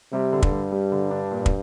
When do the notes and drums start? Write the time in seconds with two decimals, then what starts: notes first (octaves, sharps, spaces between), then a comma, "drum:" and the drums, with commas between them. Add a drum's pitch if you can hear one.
0.13 C3 G3
0.33 D3
0.43 G2, drum: kick
0.52 G3
0.72 G3
0.92 D3
1.11 D4
1.31 A#2
1.46 drum: kick